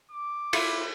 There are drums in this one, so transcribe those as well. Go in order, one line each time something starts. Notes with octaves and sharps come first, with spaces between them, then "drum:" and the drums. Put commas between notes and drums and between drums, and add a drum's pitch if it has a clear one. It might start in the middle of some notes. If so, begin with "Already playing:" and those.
D6
E4 F4, drum: cymbal